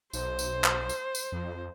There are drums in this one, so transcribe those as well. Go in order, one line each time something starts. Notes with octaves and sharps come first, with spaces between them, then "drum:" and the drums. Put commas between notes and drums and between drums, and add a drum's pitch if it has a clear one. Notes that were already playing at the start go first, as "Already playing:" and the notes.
B1 C5, drum: tambourine
drum: tambourine
drum: clap
drum: tambourine
drum: tambourine
F2